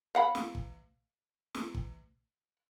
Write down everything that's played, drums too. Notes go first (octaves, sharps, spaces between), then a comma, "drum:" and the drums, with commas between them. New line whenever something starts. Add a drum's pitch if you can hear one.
F5 F#5 B5
drum: snare
drum: kick
drum: snare
drum: kick